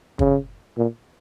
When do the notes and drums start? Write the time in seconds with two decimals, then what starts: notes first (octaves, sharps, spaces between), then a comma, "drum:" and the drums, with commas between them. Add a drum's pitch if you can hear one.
0.19 C#3, drum: kick
0.77 A#2